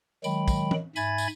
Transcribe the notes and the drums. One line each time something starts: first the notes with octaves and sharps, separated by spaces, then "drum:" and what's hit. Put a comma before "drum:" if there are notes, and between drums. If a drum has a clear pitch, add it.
D#3 F#3 G#3 G5 B5, drum: tambourine
drum: kick, tambourine
drum: tom
G#2 E5 G#5 B5 G#6 A6, drum: tambourine
drum: tambourine